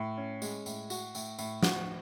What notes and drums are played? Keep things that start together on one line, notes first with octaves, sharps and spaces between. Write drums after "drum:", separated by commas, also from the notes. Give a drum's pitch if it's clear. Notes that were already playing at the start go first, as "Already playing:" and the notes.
Already playing: A2
C#4
G#3, drum: tambourine
A2, drum: tambourine
F#4, drum: tambourine
A2, drum: tambourine
A2, drum: tambourine
F#4, drum: snare